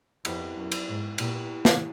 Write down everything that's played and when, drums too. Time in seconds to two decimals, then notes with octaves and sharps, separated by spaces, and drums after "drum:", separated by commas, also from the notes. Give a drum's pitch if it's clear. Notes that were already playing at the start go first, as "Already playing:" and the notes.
0.25 F2 B3 E4 G4 A#4, drum: cymbal
0.56 F#2
0.72 drum: cymbal
0.87 G#2
1.18 A#2 B3 E4 G4 A#4, drum: cymbal
1.65 drum: snare